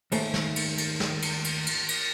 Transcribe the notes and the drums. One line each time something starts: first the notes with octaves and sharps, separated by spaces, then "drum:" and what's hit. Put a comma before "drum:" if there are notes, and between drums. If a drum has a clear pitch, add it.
D#2 G#2 A3, drum: cymbal
drum: snare
drum: cymbal
drum: cymbal
drum: snare
drum: cymbal
drum: cymbal
drum: cymbal
drum: cymbal